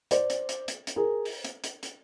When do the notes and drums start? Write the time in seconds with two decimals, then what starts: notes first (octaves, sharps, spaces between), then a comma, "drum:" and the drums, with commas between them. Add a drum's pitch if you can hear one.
0.11 C5 D5, drum: hi-hat
0.30 drum: hi-hat
0.49 drum: hi-hat
0.68 drum: hi-hat
0.87 drum: hi-hat
0.96 G#4 A#4
1.25 drum: open hi-hat
1.45 drum: hi-hat
1.64 drum: hi-hat
1.83 drum: hi-hat